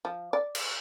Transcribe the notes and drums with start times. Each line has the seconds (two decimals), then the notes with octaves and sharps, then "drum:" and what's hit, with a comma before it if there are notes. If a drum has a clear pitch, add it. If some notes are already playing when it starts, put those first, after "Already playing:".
0.05 F3
0.33 D5
0.55 drum: cymbal